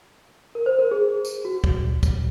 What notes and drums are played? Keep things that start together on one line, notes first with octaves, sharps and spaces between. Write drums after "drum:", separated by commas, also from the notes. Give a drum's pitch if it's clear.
A#4
C5
A#4
G#4
drum: tambourine
F#4
drum: kick
drum: kick, tambourine